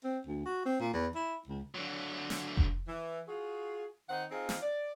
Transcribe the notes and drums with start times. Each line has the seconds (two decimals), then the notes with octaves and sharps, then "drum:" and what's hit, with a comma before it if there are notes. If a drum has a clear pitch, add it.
0.04 C4
0.27 D2
0.46 F#4
0.65 C4
0.80 A#2
0.93 E2
1.15 E4
1.47 C#2
1.75 D3 F#3
2.30 drum: snare
2.57 drum: kick F1
2.87 E3
3.27 F4 F#4 G#4
4.09 D#3 C4 D#4 F#5
4.31 C4 D#4 F4 G#4
4.49 drum: snare
4.61 D5